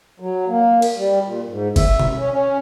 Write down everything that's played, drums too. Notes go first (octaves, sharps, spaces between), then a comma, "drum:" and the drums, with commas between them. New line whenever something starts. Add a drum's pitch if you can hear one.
F#3
A#3
drum: cymbal
G3
A#2
G#2
E5, drum: kick, cymbal
drum: tom B2
C#4
C#4